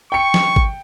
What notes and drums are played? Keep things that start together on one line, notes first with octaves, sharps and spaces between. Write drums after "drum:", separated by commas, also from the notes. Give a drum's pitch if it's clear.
G5 C#6 C#7
drum: snare
drum: kick G#1